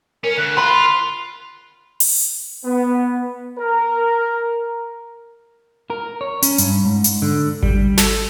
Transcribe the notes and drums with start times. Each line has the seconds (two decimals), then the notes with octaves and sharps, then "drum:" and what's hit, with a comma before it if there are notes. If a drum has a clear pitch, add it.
0.24 C#4 A#4
0.38 D2 F#6
0.57 F4 B5 C6
0.70 F4
2.00 drum: open hi-hat
2.65 B3
3.58 A#4
5.90 A#4
6.21 C#5
6.42 C#4, drum: hi-hat
6.58 G2, drum: hi-hat
6.85 G#2
7.04 drum: hi-hat
7.22 D3
7.63 G3, drum: kick G#1
7.98 A4, drum: snare